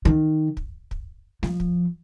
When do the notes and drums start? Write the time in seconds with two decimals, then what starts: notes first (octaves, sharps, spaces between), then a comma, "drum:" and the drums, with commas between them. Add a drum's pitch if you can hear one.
0.05 D#3
0.57 drum: kick
0.91 drum: kick
1.43 F3, drum: snare
1.60 drum: kick